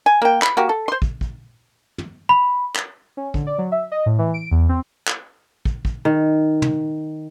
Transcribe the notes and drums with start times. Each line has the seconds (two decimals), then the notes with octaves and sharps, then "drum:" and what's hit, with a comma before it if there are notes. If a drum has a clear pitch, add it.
0.06 G#5
0.22 A#3 G5
0.42 B5, drum: clap
0.57 A#3 F#4 G4
0.69 A4
0.88 C5 C6
1.02 drum: kick
1.21 drum: kick
1.98 drum: tom
2.29 B5
2.76 drum: clap
3.17 C#4
3.34 D3, drum: kick
3.47 D5
3.58 F#3
3.72 E5
3.92 D#5
4.06 A2
4.19 E3
4.34 D7
4.51 E2
4.69 C4
5.07 drum: clap
5.65 drum: kick
5.85 drum: kick
6.05 D#3
6.62 drum: tom